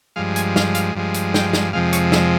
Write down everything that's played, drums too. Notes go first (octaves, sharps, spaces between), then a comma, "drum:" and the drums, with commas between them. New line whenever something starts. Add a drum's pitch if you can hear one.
G2 F3 G#3 F5
G#5, drum: hi-hat
F5, drum: snare
F5, drum: hi-hat
G2 F3 G#3
drum: hi-hat
G5, drum: snare
drum: snare
F2 C3 F3 G#3 F5
C#5, drum: hi-hat
E4, drum: snare